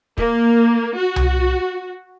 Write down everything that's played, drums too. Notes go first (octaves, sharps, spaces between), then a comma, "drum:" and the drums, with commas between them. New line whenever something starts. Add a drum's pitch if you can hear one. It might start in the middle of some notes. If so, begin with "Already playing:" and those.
A#3, drum: kick
F#4
drum: tom C2